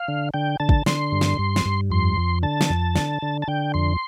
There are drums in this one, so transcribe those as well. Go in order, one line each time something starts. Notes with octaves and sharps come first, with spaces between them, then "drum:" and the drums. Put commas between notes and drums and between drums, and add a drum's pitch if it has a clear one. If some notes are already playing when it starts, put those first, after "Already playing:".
Already playing: F5
D3
D3 G5
D3 A5
drum: kick
D3 C6, drum: snare
G2
drum: snare
G2
drum: snare
G2
F2 C6
F2
D3 A5
drum: snare
F2
D3, drum: snare
D3
A5
D3 G5
F2 C6